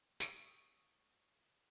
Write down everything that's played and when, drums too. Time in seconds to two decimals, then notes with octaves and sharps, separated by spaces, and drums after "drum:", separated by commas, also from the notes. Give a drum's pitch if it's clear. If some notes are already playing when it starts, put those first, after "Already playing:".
0.20 C#6 D#6 E6, drum: tambourine